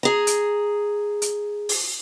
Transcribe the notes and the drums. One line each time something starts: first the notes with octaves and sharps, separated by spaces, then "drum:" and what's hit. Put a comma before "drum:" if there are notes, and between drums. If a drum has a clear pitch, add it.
G#4 A#5
drum: hi-hat
drum: hi-hat
drum: open hi-hat